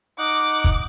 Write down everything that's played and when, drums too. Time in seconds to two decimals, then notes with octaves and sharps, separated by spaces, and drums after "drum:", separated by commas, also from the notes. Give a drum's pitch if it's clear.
0.19 D#4 F#5 D6
0.64 drum: kick